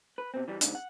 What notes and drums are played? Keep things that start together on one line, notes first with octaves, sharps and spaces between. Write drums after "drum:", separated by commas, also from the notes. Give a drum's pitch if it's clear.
B4
B2 C4
E3 G3
G#2 C#3 D4, drum: hi-hat
F#5